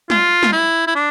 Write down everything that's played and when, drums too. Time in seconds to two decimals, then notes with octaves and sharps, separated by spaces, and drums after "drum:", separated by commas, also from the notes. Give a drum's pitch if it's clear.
0.10 F4, drum: snare
0.43 drum: snare
0.52 E4
0.87 E4
0.95 D4